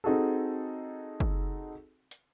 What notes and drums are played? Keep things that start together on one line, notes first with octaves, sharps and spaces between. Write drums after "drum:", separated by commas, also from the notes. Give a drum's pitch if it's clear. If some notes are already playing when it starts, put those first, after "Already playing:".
C4 D#4 F#4 G#4 A4
drum: kick
drum: hi-hat